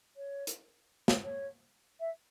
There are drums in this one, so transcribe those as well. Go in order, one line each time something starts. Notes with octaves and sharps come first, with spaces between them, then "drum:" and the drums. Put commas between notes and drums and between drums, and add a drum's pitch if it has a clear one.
C#5
drum: hi-hat
C#5, drum: snare
C#5
E5